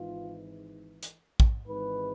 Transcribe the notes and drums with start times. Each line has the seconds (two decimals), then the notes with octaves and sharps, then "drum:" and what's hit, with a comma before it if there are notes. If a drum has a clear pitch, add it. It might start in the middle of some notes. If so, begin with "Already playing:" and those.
Already playing: G#1 G#2 E3 F4
1.03 drum: hi-hat
1.40 drum: kick
1.67 G#1 G#2 E3 B4